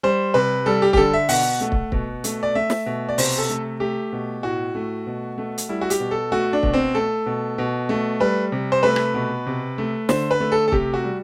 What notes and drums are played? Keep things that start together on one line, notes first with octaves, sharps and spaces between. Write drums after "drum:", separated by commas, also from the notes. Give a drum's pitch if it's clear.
G3 C5
C3 B4
G3 A4
G4
G4, drum: kick
D3 A4
E5
B2 F#5, drum: open hi-hat
A3
drum: kick
B2, drum: kick
A3, drum: hi-hat
D5
A3 E5
drum: snare
B2
D5
C3 C5, drum: open hi-hat
A4
A3
A3 G4
B2
A2 F#4
A3
B2
A3
drum: hi-hat
G3 E4
F#4
G4, drum: hi-hat
B2
A4
A3 F#4
D4
B2, drum: kick
C4
A3 A4
B2
B2
A3
G3 B4
C3
C5
A3 B4
drum: rim click
B2
C3
A3
D3 C5, drum: snare
B4
A3
A4
A4
C3 G4, drum: kick
F#4
G3